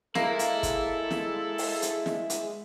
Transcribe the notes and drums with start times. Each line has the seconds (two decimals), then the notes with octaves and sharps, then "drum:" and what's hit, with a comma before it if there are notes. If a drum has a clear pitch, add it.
0.15 G#3 A#3 E4 A4, drum: snare
0.39 drum: hi-hat
0.63 drum: kick, hi-hat
1.11 drum: snare
1.58 drum: open hi-hat
1.82 drum: hi-hat
2.06 drum: snare
2.30 drum: hi-hat